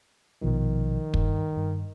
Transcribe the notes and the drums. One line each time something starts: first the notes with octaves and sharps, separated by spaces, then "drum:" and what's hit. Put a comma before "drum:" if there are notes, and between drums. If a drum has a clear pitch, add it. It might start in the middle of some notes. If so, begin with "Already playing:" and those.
A#1 B2 D#3 F3
G2, drum: kick
G2